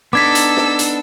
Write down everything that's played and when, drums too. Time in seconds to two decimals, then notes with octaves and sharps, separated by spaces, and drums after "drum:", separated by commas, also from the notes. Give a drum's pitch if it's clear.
0.13 B3 D4 D#4 A4 D6 E6 G#6 B6
0.35 drum: hi-hat
0.57 drum: snare
0.79 drum: hi-hat